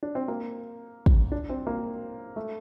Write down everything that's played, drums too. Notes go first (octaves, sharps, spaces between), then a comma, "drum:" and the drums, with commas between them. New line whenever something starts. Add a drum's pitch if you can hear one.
D4
C4
A#3
drum: kick
D4
C4
A#3
A3